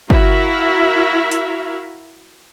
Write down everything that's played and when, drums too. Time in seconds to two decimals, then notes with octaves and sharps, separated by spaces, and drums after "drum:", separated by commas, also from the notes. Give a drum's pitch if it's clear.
0.10 E4 F#4 A#4 E5 F5, drum: kick
1.31 drum: hi-hat